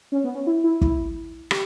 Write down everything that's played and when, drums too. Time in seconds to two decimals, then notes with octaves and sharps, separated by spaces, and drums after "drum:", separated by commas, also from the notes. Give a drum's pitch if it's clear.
0.12 C#4
0.24 B3
0.35 C#4
0.47 E4
0.64 E4
0.81 E4, drum: kick
1.51 G4, drum: rim click